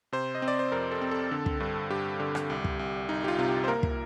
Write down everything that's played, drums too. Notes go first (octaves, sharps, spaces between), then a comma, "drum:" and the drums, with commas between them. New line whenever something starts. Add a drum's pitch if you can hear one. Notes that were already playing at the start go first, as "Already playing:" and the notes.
C3 C5
D#5
C4
D5
C5
F2 A#4
A4
C4
A4
D3
drum: kick
G2
G2 G4
D3
drum: rim click
C2
drum: kick
C2
C2 D#4
G4
F4
C3 F4
G4
C5
A#3 A#4
drum: kick